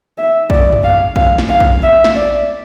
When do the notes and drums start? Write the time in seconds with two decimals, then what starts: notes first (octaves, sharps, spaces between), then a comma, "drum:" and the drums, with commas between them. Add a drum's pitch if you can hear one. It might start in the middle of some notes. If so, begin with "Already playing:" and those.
0.18 E5
0.50 D5, drum: kick A#1
0.72 drum: tom F#2
0.83 F5
1.16 F5, drum: kick A#1
1.38 drum: snare
1.49 F5
1.60 drum: kick A#1
1.83 E5
2.04 drum: snare
2.16 D5